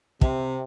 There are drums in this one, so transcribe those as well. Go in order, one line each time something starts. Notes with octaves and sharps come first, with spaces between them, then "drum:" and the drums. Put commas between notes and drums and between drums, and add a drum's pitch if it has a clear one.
C3, drum: kick